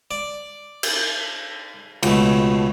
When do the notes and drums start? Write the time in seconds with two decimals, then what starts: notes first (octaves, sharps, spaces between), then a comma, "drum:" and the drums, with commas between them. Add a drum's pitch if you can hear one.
0.11 D5
0.83 drum: cymbal
2.03 C#2 B2 A3, drum: cymbal